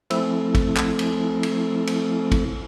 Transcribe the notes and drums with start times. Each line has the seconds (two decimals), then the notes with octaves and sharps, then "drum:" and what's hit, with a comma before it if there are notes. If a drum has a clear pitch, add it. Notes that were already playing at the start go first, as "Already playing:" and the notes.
0.10 F3 A3 C4 E4 A4, drum: cymbal
0.55 drum: kick, cymbal
0.77 drum: clap
0.99 drum: cymbal
1.43 drum: cymbal
1.87 drum: cymbal
2.32 drum: kick, cymbal